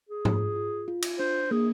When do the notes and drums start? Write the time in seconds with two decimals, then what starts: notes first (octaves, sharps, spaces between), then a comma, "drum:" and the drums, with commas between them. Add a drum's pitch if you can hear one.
0.09 G#4
0.25 F4, drum: tom G#2
0.56 F4
0.88 F4
1.02 drum: cymbal
1.19 D4 C5
1.51 A#3 G#4